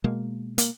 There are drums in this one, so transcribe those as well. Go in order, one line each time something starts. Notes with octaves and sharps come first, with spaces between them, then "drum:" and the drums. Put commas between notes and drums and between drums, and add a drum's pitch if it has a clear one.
B2 G#3 A#3
A#3, drum: hi-hat